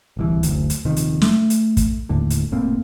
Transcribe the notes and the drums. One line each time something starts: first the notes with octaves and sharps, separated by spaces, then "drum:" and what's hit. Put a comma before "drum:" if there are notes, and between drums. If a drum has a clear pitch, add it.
D1 C2 E3
F#1 D2, drum: hi-hat
drum: hi-hat
D#1 F2 C3 D#3
drum: hi-hat
A3, drum: snare
drum: hi-hat
drum: kick, hi-hat
D#1 D#2 A2 D3
drum: hi-hat
F1 A2 A#3 C4